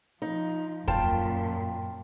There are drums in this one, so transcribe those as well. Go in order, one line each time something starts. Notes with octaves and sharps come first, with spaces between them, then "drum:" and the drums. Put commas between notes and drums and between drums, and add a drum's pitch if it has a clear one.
F3 D#4
F#2 A#2 F4 G5 A5, drum: kick